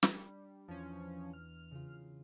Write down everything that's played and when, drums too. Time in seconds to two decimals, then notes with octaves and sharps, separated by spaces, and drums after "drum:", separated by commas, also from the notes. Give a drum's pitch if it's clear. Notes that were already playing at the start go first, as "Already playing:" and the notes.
0.03 G3 D4, drum: snare
0.68 E2 F3 C#4
1.33 F6
1.71 C#3 F4